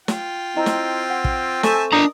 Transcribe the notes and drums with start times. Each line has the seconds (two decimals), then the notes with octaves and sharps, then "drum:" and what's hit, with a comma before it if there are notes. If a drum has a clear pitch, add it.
0.08 F4 G5, drum: snare
0.56 C4 E4 D#5 A#5
0.66 drum: snare
1.10 F#5
1.24 drum: kick
1.63 A4 E5 G#5 A5 C#6 G6, drum: snare
1.92 D4 A#4 D5 D#5 A#5 D#6